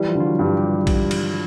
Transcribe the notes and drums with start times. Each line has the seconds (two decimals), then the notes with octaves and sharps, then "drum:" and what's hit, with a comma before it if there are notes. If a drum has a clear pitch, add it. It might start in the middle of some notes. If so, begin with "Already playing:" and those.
Already playing: E3 G3 E4
0.09 F3 F4
0.15 D3
0.21 F4
0.26 F#3 F#4
0.39 G2
0.45 G3 G4
0.57 G4
0.87 drum: kick A#1, cymbal
1.11 drum: cymbal